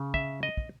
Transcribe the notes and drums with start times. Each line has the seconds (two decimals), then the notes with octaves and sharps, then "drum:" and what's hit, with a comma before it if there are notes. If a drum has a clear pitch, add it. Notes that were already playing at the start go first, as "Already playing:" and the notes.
Already playing: C#3
0.14 E5, drum: kick
0.43 D#5
0.57 drum: kick